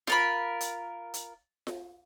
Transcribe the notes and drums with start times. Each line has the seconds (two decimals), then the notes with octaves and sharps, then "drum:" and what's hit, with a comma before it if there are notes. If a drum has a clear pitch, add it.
0.07 F4 A#4 B5, drum: snare F4
0.61 drum: hi-hat
1.14 drum: hi-hat
1.67 drum: snare F4